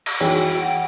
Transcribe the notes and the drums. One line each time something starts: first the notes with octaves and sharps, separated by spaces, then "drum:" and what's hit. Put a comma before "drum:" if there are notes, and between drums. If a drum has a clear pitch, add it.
drum: cymbal
E3 F#4 G#4 C#5 G5
F#5